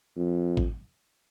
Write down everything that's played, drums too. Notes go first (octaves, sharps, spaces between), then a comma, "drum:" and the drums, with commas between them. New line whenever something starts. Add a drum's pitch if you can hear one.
F2
drum: kick G#1